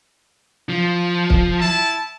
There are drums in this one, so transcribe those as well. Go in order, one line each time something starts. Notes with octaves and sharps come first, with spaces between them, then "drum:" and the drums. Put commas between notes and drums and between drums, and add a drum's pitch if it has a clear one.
F3
drum: kick
E4 A5